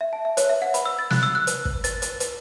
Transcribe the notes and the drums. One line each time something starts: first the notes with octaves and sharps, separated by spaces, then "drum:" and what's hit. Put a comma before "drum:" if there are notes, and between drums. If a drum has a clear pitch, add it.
E5
A5
E5
C#5, drum: hi-hat
E5
F#5
B5, drum: hi-hat
E6
A6
F#6, drum: snare
E6
F#6
drum: hi-hat
drum: kick
A6, drum: hi-hat
drum: hi-hat
drum: hi-hat